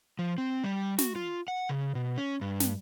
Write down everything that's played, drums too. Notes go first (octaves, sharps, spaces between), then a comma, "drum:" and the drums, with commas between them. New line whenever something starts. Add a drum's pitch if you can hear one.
F3
C4
G3
F#4, drum: snare
F4
F#5
C#3
B2
C#4
G2
drum: snare